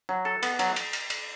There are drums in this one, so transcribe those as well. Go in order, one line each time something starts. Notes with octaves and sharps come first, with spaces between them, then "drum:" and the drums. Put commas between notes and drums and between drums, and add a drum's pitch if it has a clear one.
F#3
A4
B3, drum: cymbal
F#3, drum: cymbal
drum: cymbal
drum: cymbal
drum: cymbal